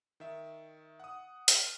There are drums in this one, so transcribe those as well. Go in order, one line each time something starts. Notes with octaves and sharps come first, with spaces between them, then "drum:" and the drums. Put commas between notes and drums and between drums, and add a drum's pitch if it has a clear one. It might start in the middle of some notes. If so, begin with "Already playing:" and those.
D#3 E5
F#5 D#6
F6, drum: hi-hat